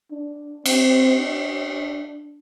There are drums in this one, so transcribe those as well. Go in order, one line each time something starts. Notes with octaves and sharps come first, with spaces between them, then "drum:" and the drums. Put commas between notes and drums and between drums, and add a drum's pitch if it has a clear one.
D4
C4, drum: cymbal
D4